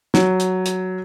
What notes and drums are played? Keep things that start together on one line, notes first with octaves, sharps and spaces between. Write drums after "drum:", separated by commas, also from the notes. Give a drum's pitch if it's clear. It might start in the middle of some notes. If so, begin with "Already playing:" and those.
F#3, drum: snare
drum: hi-hat
drum: hi-hat